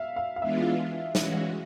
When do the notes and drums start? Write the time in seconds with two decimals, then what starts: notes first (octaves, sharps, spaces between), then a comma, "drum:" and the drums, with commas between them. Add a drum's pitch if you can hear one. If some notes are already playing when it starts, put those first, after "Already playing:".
Already playing: E5 F5
0.16 F5
0.36 F5
0.42 E3 G#3 B3 D4 F4 E5
1.15 E3 G#3 C#4 F#4, drum: snare